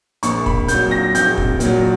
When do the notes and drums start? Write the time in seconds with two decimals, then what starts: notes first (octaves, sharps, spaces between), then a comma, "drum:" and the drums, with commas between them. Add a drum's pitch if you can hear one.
0.23 A#1 C#6, drum: hi-hat
0.46 B5, drum: kick
0.68 A#2 F#3 G6, drum: hi-hat
0.91 A#6
1.15 A#1 G6, drum: hi-hat
1.37 drum: kick
1.60 A#2 F#3, drum: hi-hat